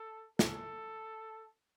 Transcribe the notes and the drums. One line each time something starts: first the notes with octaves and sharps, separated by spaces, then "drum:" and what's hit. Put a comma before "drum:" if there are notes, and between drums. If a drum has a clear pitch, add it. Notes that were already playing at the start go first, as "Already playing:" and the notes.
Already playing: A4
A4, drum: snare